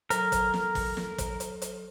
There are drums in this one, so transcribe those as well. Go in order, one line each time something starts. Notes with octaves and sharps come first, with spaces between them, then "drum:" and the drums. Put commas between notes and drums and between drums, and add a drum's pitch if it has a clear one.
F#3 A4 A#4, drum: hi-hat
drum: kick, hi-hat
drum: snare
drum: kick, open hi-hat
drum: snare
drum: kick, hi-hat
drum: hi-hat
drum: hi-hat